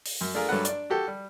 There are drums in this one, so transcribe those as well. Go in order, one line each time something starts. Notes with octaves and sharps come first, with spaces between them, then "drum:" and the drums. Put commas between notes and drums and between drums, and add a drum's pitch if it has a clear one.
drum: open hi-hat
F#2
A3 D4 F4 G#4 A#4
G2 F#3 A3 B4 F#5
D4 D5, drum: hi-hat
F#4 G4 A4
G3